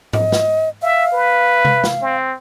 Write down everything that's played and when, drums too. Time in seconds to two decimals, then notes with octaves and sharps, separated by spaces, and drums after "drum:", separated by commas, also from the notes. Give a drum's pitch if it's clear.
0.13 D#5, drum: tom G#2
0.32 drum: snare
0.82 E5 F5
1.13 B4
1.65 drum: tom C3
1.84 drum: snare
2.02 C4